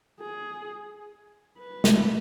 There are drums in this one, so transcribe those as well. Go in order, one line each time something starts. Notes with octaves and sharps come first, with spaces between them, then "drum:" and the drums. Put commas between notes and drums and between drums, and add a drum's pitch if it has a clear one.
G#4
B4
drum: snare